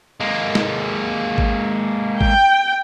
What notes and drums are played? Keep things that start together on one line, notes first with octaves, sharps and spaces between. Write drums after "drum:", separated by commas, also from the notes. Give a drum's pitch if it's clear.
G#3 A#3
drum: snare
drum: kick G#1
G5, drum: kick G#1